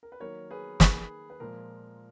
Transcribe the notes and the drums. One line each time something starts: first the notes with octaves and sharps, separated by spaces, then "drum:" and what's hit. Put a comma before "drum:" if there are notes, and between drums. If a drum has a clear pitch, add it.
A#4
B4
D#3 F#3 A#3 A#4 C#5
G#4 B4
D#3 A#3 G#4 B4, drum: snare
B4
A#2 F3 G#3 A#4